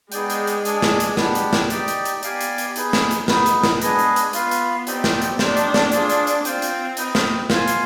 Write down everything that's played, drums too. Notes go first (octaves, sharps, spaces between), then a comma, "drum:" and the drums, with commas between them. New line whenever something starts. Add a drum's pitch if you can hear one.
G#3 B3 D#4 G#4 D5 G5, drum: hi-hat
drum: hi-hat
drum: hi-hat
D4 G#4 D5 G#5, drum: hi-hat
drum: snare
drum: hi-hat
B3 D4 G4, drum: snare
drum: hi-hat
drum: snare
D#4 G4 D5, drum: hi-hat
drum: hi-hat
drum: hi-hat
B3 G4 D5 F5 G#5, drum: hi-hat
drum: hi-hat
drum: hi-hat
D#4 G#4 B4, drum: hi-hat
drum: snare
drum: hi-hat
G#3 B3 D#4 B4, drum: snare
drum: hi-hat
drum: snare
G#3 B3 D4 G#4 B4 D#5, drum: hi-hat
drum: hi-hat
drum: hi-hat
B3 F4 B4 F5, drum: hi-hat
drum: hi-hat
C4 D#4 G4 D5 G5, drum: hi-hat
drum: snare
drum: hi-hat
D4 D#4 G4 C5, drum: snare
drum: hi-hat
drum: snare
F4 G#4 C5, drum: hi-hat
drum: hi-hat
drum: hi-hat
C4 F4 C5 G5, drum: hi-hat
drum: hi-hat
D#4 B4 D#5 G5, drum: hi-hat
drum: snare
B3 F4 C5 F5 G#5, drum: snare
drum: hi-hat